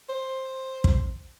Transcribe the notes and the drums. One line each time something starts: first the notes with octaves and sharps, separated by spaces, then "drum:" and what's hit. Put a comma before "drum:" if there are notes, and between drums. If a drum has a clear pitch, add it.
C5
drum: kick